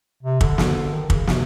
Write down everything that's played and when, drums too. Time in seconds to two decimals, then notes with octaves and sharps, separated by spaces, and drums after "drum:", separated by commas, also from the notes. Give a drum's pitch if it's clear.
0.23 C3
0.41 D3, drum: kick
0.58 drum: snare
0.93 D#3
1.10 C#3, drum: kick
1.27 C3, drum: snare